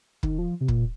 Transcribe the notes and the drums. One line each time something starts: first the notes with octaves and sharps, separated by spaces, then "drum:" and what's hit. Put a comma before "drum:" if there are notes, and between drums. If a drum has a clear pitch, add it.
D#3, drum: kick
F3
C3
A#2, drum: kick